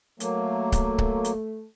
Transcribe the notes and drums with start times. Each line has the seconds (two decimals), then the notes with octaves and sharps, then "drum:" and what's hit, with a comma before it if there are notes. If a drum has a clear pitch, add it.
0.20 F#3 A3 A#3, drum: hi-hat
0.72 drum: kick C#1, hi-hat
0.98 drum: kick C#1
1.25 drum: hi-hat